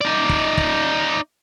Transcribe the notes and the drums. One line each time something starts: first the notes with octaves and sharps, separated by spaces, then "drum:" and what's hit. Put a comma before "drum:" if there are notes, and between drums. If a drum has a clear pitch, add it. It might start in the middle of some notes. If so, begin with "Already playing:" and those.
D#4 D5
drum: kick
drum: kick